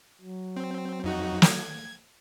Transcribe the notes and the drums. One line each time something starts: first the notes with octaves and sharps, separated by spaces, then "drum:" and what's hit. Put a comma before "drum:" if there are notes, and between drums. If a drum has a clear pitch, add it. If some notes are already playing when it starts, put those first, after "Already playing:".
F#3
C4
F2 D#4 F#4
G#6, drum: snare